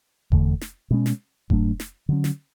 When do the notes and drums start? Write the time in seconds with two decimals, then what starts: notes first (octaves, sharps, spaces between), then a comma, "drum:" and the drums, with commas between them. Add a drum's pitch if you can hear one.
0.32 E2 D3 A3, drum: kick F1
0.61 drum: snare
0.91 B2 G#3 C#4
1.06 drum: snare
1.50 G#2 F#3 A3 D4, drum: kick F1
1.80 drum: snare
2.09 D3 F#3 C#4
2.24 drum: snare